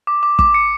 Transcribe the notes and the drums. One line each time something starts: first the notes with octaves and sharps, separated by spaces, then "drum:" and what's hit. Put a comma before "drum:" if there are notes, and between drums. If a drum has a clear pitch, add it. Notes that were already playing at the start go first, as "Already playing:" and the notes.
D6
D6
D6, drum: kick
C#7